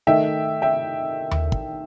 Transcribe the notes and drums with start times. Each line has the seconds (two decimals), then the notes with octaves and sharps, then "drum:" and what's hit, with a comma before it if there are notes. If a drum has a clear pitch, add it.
0.07 D#3 A3 D#4 E5 G5
0.62 E5 G5
1.31 drum: tom D#2
1.52 drum: kick